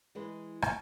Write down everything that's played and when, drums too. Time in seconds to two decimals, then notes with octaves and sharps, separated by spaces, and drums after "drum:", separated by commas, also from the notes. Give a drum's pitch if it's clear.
0.15 E3 G#3 B4
0.62 drum: rim click